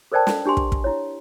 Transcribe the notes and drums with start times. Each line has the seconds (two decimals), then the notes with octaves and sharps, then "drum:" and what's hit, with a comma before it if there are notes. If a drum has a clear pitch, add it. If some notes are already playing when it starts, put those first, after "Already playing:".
0.12 A4 A#4 C5 D5 G5 A5
0.27 drum: snare
0.46 D4 G4 G#5 C6
0.57 drum: kick
0.72 drum: kick
0.84 E4 C#5